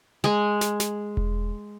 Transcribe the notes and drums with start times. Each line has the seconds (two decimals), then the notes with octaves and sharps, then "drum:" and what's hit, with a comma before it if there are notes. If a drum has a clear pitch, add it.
0.24 G#3 G#5
0.61 drum: snare
0.80 drum: snare
1.17 drum: kick E1